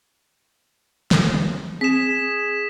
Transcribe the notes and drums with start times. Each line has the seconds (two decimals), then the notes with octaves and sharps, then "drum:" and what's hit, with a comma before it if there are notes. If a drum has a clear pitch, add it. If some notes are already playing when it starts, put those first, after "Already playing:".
1.11 drum: snare
1.34 drum: tom D#3
1.81 C4 G#4 B6 E7